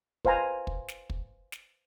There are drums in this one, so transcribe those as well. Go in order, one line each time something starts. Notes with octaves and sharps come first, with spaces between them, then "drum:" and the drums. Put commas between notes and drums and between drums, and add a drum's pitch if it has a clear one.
B4 C5 F5 G#5 A#5, drum: kick
drum: kick
drum: snare
drum: kick
drum: snare